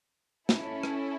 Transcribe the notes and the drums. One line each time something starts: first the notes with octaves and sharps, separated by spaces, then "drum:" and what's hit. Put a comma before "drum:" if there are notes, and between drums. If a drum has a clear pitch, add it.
C#4 E4 A4, drum: snare
drum: rim click